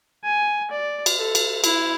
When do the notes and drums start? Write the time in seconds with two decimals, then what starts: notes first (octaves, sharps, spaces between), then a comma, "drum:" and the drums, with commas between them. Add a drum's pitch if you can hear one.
0.24 G#5
0.71 D5
1.06 drum: cymbal
1.18 A4
1.35 drum: cymbal
1.64 E4, drum: cymbal